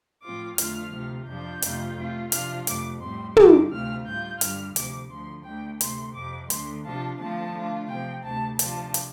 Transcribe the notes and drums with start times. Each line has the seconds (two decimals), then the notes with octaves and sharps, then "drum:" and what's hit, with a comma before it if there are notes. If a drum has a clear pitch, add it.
0.23 A2 F3 C4 F4 D6
0.58 F2 D3 F3 A3 F4 F6, drum: hi-hat
0.93 D2 C3 A3 F4
1.28 F2 F3 D4 F4 G6
1.62 F2 C3 A3 F4, drum: hi-hat
1.98 C3 A3 C4 F4
2.32 C3 F3 D4 F4 F6, drum: hi-hat
2.67 F2 C3 A3 D6, drum: hi-hat
3.02 A2 G3 C4 C6
3.37 G2 D3 G3 C4 D6, drum: tom
3.71 D2 C3 A3 C4 F4 F6
4.06 A2 G3 F4 G6
4.41 G2 D3 G3 F6, drum: hi-hat
4.76 D2 C3 F3 D6, drum: hi-hat
5.11 D2 D3 F3 C6
5.46 D2 D3 A3 G5
5.81 D2 C3 A3 C6, drum: hi-hat
6.15 F2 C3 F3 D6
6.50 D2 D3 A3 C6, drum: hi-hat
6.85 C3 F3 D4 F4 A5
7.20 D3 F3 A3 C4 F4 A5
7.55 D3 A3 D4 F4
7.89 C3 F3 C4 G5
8.25 D2 C3 A3 A5
8.59 C3 F3 D4 F4 A5, drum: hi-hat
8.94 drum: hi-hat